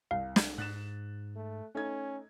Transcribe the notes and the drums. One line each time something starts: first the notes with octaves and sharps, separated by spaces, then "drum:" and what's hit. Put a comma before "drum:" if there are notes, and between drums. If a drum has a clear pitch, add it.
C2 F5
drum: snare
G#2 F#6 A6 E7
A3
A3 C#4 D#4 G#6